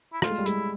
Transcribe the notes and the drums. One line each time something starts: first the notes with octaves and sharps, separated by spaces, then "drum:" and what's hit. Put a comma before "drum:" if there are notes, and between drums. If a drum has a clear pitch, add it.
E4
A3 F4, drum: rim click
G#3
G3
G#3 E4, drum: hi-hat